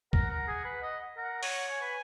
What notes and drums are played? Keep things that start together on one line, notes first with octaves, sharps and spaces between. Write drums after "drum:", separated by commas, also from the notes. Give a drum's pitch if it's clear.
A#4 F#5, drum: kick C2
A#4
G#4
B4
D#5
A#4 F#5
C#5, drum: open hi-hat
C#5 G#5
B4